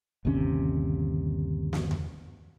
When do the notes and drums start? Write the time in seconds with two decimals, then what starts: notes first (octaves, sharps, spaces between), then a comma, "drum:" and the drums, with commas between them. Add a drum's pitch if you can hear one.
0.25 G1 D#2 C3 C#4
1.73 drum: snare
1.91 drum: tom E2